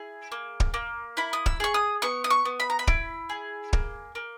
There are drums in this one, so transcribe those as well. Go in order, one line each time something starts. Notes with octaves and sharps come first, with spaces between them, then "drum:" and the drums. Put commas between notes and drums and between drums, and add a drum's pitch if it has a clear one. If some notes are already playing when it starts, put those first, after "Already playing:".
Already playing: E4 G#4
A#3
drum: kick
A#3
E4 B5
D#6
E6, drum: kick
G#4 C#6
D#6
B3 C#6
D#6
C#6
B3
B5
A#5
B5
E4, drum: kick
G#4
A#3, drum: kick
A#3